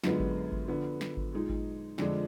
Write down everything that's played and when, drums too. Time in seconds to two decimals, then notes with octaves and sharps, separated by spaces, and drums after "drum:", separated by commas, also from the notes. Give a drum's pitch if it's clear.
0.04 F#2 D3 G#3 B3 F4, drum: snare
0.20 drum: kick G#1
0.52 drum: kick G#1
0.68 D3 F3 B3
1.01 drum: snare
1.17 drum: kick G#1
1.33 A#2 G#3 D#4
1.50 drum: kick G#1
1.98 F2 D3 F3 G#3 D4, drum: snare